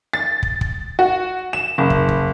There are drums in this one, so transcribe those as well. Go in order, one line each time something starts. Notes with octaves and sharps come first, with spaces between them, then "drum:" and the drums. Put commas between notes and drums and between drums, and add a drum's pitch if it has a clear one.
A6
drum: kick
drum: kick
F#4
E7
F#1
drum: kick
drum: kick